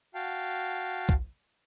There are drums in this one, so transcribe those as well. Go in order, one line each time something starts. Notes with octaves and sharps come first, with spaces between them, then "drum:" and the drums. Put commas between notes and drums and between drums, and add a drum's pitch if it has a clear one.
F#4 F5 G5 A5
drum: kick